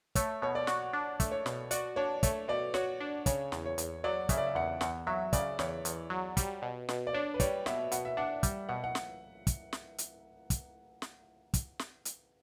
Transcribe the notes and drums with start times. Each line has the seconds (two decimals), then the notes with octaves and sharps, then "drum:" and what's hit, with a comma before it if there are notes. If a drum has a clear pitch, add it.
0.15 A3 C#5, drum: kick, hi-hat
0.42 B2 C#5
0.55 D5
0.67 F#4, drum: snare
0.93 D4
1.20 A3, drum: kick, hi-hat
1.32 C#5
1.46 B2, drum: snare
1.71 F#4 D5, drum: hi-hat
1.96 D4 C#5
2.23 A3 C#5, drum: kick, hi-hat
2.48 B2 D5
2.74 F#4 C#5, drum: snare
3.01 D4
3.26 C#3 C#5, drum: kick, hi-hat
3.52 E2, drum: snare
3.65 C#5
3.78 E2, drum: hi-hat
4.04 F#3 D5
4.29 C#3 E5, drum: kick, hi-hat
4.38 D5
4.46 E5
4.55 E2 F#5
4.81 E2 F#5, drum: snare
5.07 F#3 E5
5.33 C#3 D5, drum: kick, hi-hat
5.59 E2 C#5, drum: snare
5.85 E2, drum: hi-hat
6.10 F#3
6.37 G3, drum: kick, hi-hat
6.62 B2
6.89 B2, drum: snare
7.07 D5
7.13 D4 C#5
7.34 B4
7.40 G3 C#5, drum: kick, hi-hat
7.66 B2 E5, drum: snare
7.92 B2 F#5, drum: hi-hat
8.05 E5
8.17 D4 F#5
8.43 G3, drum: kick, hi-hat
8.69 B2 F#5
8.84 F#5
8.95 drum: snare
9.47 drum: kick, hi-hat
9.73 drum: snare
9.98 drum: hi-hat
10.50 drum: kick, hi-hat
11.02 drum: snare
11.54 drum: kick, hi-hat
11.79 drum: snare
12.05 drum: hi-hat